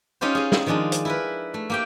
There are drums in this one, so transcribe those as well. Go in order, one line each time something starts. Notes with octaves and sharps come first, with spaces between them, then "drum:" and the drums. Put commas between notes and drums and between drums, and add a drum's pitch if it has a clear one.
C#4 D#4 F4 G4 C5
G#4 D#5
drum: snare
D#3 F3 G#3 D4 D#4
drum: hi-hat
E4 A#4 B4
A3
A#3 G4 G5